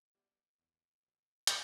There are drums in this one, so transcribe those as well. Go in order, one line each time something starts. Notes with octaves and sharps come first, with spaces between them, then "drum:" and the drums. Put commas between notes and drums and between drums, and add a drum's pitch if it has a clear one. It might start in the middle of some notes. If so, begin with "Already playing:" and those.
Already playing: D6
G3 B3 E4 G4
E2
B2 F#3 B3 F#4
C#3, drum: hi-hat